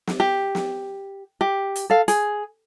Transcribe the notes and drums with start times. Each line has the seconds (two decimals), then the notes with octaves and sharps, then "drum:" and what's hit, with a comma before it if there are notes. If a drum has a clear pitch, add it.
0.07 drum: snare
0.20 G4
0.55 drum: snare
1.41 G4
1.76 drum: hi-hat
1.90 A4 F5
2.08 G#4, drum: hi-hat